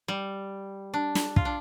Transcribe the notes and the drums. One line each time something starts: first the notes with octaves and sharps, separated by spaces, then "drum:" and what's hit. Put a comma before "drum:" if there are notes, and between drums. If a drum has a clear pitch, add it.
G3
D4
drum: snare
F4, drum: kick
D4